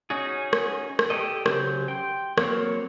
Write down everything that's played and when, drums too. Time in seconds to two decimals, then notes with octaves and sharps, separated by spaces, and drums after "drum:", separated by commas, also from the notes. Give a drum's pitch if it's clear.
0.10 C#4 D#4 F#4 G#4
0.53 drum: rim click
0.99 drum: rim click
1.10 G4 A4 D#5
1.46 C#3 F#3 G4 C5 C6, drum: rim click
1.88 G5 C6
2.38 F#3 A#3 C4 C#5, drum: rim click